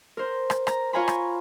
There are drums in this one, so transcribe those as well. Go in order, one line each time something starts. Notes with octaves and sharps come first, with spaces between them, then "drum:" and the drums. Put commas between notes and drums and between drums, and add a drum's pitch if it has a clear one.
A#4 C5
drum: rim click
A#5, drum: rim click
F4 C#5 F5 G#5 A#5 B5
drum: rim click